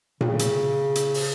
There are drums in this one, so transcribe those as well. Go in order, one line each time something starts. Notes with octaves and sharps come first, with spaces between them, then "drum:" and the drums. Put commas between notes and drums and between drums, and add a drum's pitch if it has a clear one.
C#3, drum: tom A#2
drum: hi-hat
drum: hi-hat
drum: open hi-hat